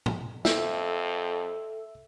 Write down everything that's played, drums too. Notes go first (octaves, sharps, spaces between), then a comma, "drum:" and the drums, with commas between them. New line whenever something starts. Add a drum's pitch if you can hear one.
drum: tom A2
F2 A4 E5, drum: snare